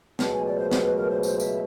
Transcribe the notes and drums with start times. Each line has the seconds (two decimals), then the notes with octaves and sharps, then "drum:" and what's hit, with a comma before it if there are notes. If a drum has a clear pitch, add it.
0.19 C#2 B2 F#3 A3 A5, drum: snare
0.33 G#5
0.45 D5
0.58 C5
0.71 C5, drum: snare
0.85 B4
0.97 A#4
1.10 C5
1.23 C5, drum: tambourine
1.40 E5, drum: tambourine